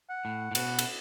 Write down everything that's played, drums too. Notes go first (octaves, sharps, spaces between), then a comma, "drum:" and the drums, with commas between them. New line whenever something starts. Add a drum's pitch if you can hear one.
F#5
A2
A2
B2 F#5, drum: cymbal
drum: cymbal